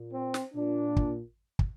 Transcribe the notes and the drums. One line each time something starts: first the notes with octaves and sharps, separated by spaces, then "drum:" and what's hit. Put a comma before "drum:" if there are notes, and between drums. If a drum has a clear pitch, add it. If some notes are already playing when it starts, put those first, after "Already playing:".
Already playing: A#2
C4
drum: snare
A#2 D4
drum: kick
drum: kick